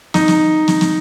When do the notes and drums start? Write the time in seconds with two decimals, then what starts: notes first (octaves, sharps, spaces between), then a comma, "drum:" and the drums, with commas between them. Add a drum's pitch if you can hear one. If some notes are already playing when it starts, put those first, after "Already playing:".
0.14 D#4, drum: snare
0.28 drum: snare
0.68 drum: snare
0.81 drum: snare